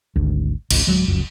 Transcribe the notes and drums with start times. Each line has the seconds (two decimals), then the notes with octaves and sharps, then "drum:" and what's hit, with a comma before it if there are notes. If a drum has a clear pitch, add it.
0.16 G#1 D2
0.71 G#1 C#2 C#3, drum: cymbal
0.87 D1 G#1 F#3 G#3
1.08 F1 C#2 F#2